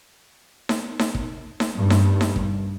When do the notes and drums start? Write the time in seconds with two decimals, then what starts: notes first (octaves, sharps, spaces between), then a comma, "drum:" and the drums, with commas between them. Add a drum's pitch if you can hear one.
0.69 drum: snare D#4
0.99 drum: snare D#4
1.15 drum: kick
1.60 drum: snare D#4
1.75 G2
1.90 drum: snare D#4
2.21 drum: snare D#4
2.36 drum: kick